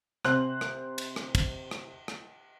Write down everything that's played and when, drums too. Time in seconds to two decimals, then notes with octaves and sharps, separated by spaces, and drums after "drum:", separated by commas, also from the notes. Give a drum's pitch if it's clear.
0.25 C3 C5 F#6 F#7, drum: rim click
0.61 drum: rim click
0.98 drum: cymbal
1.16 drum: rim click
1.35 drum: kick, cymbal
1.71 drum: rim click
2.08 drum: rim click